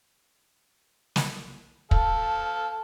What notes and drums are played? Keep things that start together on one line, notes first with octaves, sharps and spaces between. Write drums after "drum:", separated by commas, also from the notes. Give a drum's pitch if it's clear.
drum: snare
A4 F5 A5, drum: kick